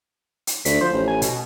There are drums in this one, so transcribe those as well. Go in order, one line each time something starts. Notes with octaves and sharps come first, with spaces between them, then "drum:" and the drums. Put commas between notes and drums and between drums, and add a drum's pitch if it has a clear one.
drum: hi-hat
D2 B6, drum: hi-hat
F3 C5
A1
G#5
B2, drum: hi-hat